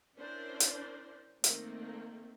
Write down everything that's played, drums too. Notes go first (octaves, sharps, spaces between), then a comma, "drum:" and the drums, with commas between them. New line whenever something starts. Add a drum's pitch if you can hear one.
C#4 D4 E4 A#4 C5 D5
drum: hi-hat
D#3 A3 A#3 C4 A4, drum: hi-hat